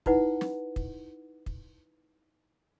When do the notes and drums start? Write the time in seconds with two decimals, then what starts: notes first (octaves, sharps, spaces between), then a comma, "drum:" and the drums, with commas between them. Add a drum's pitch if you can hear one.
0.06 D#4 E4 B4 F#5, drum: kick
0.41 drum: snare
0.76 drum: kick
1.46 drum: kick